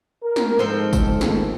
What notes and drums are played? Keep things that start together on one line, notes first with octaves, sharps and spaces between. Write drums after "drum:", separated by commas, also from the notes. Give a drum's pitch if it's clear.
A#4
drum: snare
G#2 F3 C4 A4
drum: kick, tambourine
G#2 D#3, drum: snare